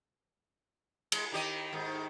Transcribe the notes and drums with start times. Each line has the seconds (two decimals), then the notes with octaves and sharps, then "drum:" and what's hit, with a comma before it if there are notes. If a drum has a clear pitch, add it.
1.12 G#3, drum: cymbal
1.32 D#3 G4 D#5
1.73 G#2 D#3